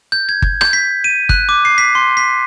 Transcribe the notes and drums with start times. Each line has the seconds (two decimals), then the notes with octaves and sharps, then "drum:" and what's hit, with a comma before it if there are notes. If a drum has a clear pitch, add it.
0.12 G6
0.29 G#6
0.42 drum: kick G1
0.61 G6, drum: rim click
0.73 B6
1.04 D#7
1.29 F#6, drum: kick G1
1.49 D6
1.65 C7
1.78 B6
1.95 C6
2.17 B6